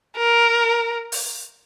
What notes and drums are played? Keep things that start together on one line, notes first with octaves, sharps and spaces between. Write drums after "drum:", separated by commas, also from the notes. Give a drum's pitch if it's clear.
A#4
drum: open hi-hat